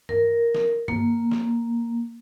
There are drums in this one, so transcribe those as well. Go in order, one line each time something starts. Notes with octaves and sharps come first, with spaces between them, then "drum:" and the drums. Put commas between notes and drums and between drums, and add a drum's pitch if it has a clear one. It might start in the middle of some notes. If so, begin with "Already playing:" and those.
A#4, drum: tom
drum: snare
A#3, drum: tom G2
drum: snare